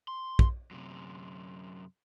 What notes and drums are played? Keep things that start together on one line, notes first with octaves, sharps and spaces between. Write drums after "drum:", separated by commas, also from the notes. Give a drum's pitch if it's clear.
C6
drum: kick
F#2 C3